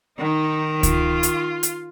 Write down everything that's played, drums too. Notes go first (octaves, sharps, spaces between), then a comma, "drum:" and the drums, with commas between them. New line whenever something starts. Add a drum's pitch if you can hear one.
D#3 D#4
F4, drum: kick C#2, hi-hat
drum: hi-hat
drum: hi-hat